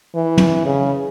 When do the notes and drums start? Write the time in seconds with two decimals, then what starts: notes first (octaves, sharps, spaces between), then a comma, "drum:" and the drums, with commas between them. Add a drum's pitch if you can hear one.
0.15 E3
0.38 drum: tom
0.66 C#3